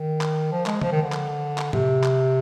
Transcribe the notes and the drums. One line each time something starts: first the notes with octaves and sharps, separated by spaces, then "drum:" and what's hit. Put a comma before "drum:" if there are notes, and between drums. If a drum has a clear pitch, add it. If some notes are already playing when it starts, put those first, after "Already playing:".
Already playing: D#3
drum: clap
F3
G#3, drum: clap
F3, drum: tom C#3
D#3
D3
drum: clap
drum: clap
C3, drum: tom A2
drum: clap